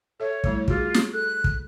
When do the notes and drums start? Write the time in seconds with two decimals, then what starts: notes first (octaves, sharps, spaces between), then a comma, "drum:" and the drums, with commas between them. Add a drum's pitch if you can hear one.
0.20 A4 C#5 E5
0.44 G3 A3 E4, drum: kick
0.68 F4 F#4 G#4, drum: kick
0.94 drum: snare
1.13 A4 F#6
1.44 drum: kick